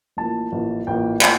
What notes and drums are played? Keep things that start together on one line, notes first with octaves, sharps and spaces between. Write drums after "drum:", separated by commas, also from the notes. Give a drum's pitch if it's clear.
A1 A2 F3 A#3 A5
A1 A2 F3 A#3
A1 A2 F3 A#3 G5
A2 F3 A#3, drum: clap